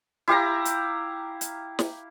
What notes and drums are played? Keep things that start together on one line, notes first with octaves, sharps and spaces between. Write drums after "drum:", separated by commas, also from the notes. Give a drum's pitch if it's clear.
E4 G4 F5 A#5
drum: hi-hat
drum: hi-hat
drum: snare